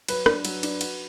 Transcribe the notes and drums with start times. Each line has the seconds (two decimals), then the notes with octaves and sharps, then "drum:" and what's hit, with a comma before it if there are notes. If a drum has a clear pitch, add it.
0.08 F#3 B4, drum: cymbal
0.26 D4, drum: rim click
0.45 F#3, drum: cymbal
0.63 D4, drum: cymbal
0.81 F#4, drum: cymbal